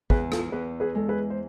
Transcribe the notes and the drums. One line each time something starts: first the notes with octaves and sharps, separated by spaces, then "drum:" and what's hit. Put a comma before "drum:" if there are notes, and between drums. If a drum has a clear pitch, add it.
E2 G#4 B4, drum: kick
F4 A4, drum: rim click
E2 G#4 B4
G#4 B4
G#3 A4
G#4 B4
C5